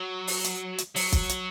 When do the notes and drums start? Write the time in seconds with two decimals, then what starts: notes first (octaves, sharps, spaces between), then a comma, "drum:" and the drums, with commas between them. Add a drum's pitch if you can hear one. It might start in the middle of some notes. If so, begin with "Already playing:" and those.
Already playing: F#3
0.27 drum: open hi-hat
0.44 drum: hi-hat
0.78 drum: hi-hat
0.96 F#3, drum: open hi-hat
1.12 drum: kick, hi-hat
1.29 drum: hi-hat